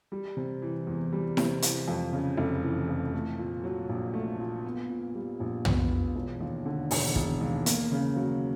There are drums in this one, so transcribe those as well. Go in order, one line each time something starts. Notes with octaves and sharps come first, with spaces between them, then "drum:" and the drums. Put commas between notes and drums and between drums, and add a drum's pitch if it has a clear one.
G3
C3
E3
E2
G3
C3, drum: snare E4
E3, drum: hi-hat
F2
C#3
F1
E3
F2
A3
A#2
F#3
A#1
A3
A#2
B3
A#2
G3
A#1
B3, drum: tom
A#2
E1
D#2
D3
E1, drum: open hi-hat
E1, drum: kick
D#2
A#3, drum: hi-hat
C#3
F#3